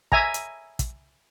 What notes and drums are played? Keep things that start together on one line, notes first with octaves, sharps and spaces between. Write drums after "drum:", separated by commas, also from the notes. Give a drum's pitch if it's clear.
E5 G#5 A#5, drum: kick
drum: hi-hat
drum: kick, hi-hat